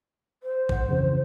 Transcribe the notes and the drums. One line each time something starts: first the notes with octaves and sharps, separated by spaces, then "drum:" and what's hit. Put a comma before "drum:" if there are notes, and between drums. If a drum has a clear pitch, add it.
C5
G#2 F#5, drum: kick A1
F2 C#3 E3